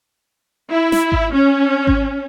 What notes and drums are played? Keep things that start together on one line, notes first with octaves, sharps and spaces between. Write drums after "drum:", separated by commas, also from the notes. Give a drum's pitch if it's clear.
E4
drum: snare
drum: kick G#1
C#4
drum: kick G#1